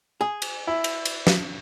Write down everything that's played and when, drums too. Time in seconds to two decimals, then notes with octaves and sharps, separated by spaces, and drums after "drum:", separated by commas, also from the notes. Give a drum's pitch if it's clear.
0.21 G#4
0.42 drum: cymbal
0.67 E4
0.84 drum: cymbal
1.05 drum: cymbal
1.27 drum: snare